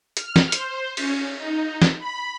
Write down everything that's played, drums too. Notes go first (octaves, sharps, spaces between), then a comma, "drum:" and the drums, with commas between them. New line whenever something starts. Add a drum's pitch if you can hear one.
F6, drum: hi-hat
drum: snare
C5, drum: hi-hat
C#4, drum: cymbal
D#4
drum: snare
B5